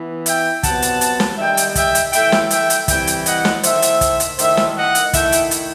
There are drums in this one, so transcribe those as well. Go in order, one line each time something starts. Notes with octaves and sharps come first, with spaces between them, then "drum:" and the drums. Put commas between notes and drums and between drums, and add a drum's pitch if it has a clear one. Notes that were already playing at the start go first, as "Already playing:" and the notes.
Already playing: E3 B3 E4
E5 G5, drum: hi-hat
C3 F#3 B3 F#5 A5, drum: kick, hi-hat
drum: hi-hat
drum: hi-hat
drum: snare
D#3 G3 D#4 E5 G5
drum: hi-hat
E5 G5, drum: kick, hi-hat
drum: hi-hat
E3 A3 E4 E5 G5, drum: hi-hat
drum: snare
E5 G5, drum: hi-hat
drum: hi-hat
E3 G3 C4 E4 E5 G5, drum: kick, hi-hat
drum: hi-hat
D#5 F#5, drum: hi-hat
drum: snare
D#3 A3 E4 C5 E5, drum: hi-hat
drum: hi-hat
drum: kick, hi-hat
drum: hi-hat
D#3 A3 E4 C5 E5, drum: hi-hat
drum: snare
D#5 F#5
drum: hi-hat
D#3 A3 E4 E5 G5, drum: kick, hi-hat
drum: hi-hat
drum: hi-hat